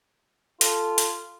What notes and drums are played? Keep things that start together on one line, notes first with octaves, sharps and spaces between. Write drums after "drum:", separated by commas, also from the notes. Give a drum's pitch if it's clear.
F4 A4, drum: hi-hat
drum: hi-hat